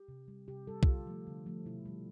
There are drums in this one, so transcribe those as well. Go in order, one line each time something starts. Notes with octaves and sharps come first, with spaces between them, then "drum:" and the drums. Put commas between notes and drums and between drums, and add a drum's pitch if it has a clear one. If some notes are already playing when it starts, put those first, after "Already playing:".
Already playing: G4
C3
G3
C3 G4
G3 A4
F4, drum: kick
D3 G4
F3 A3
D3
F3 A3
B2 E4
G3